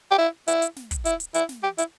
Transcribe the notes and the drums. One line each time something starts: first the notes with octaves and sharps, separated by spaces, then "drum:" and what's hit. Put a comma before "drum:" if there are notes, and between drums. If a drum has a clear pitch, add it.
G4
E4
E4, drum: hi-hat
drum: hi-hat
drum: snare
drum: kick, hi-hat
E4, drum: hi-hat
drum: hi-hat
E4, drum: hi-hat
drum: snare
G4
E4, drum: hi-hat